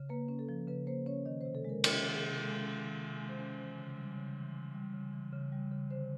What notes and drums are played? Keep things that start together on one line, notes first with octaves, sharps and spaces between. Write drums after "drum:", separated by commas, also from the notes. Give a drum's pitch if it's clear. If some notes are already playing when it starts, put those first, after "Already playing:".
Already playing: C#3
A#3 B4
C#4
A4
F3
C#3 B4
A#3 C5
C#4 C#5
D#3 D#5
C3 C5
A4
G#3 A#4
C#4 A4, drum: cymbal
D#3
G#4
C3
G#3 A4
C#4
D#3
C3
G#3
C5
C#4
E3 C5
C#3
G3
C#3
E3
C#3
G3
C#3
E3
C#3
G3
C#3
D3 C5